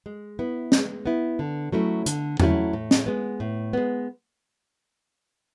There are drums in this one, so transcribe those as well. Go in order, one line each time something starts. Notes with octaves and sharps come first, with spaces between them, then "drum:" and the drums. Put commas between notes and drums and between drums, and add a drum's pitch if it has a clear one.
G#3
B3 E4
G#3, drum: snare
B3 E4
D3
F#3 A3 C#4 E4
D3, drum: hi-hat
F#3 A3 C#4 E4, drum: tom E2
A2
drum: snare
G#3 B3
A2
G#3 B3